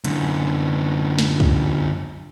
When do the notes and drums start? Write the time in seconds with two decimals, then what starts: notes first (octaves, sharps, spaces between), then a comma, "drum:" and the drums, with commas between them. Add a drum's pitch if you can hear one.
0.04 F#2 D3, drum: hi-hat
1.19 drum: snare
1.40 drum: kick